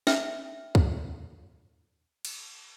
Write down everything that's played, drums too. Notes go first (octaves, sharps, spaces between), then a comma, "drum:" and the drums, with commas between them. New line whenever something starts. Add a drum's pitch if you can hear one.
E5 G5 F6, drum: snare
drum: kick
drum: cymbal